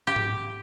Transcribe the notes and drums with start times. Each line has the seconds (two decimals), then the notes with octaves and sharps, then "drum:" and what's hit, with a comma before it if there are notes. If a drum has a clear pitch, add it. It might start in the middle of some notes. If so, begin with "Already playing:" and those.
0.07 G4
0.16 drum: tom G#2